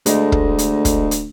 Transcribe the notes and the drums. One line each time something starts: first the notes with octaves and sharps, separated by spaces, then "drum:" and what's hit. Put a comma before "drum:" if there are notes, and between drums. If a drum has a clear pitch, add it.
D2 G#3 A3 D#5, drum: hi-hat
drum: kick
drum: hi-hat
drum: kick, hi-hat
drum: hi-hat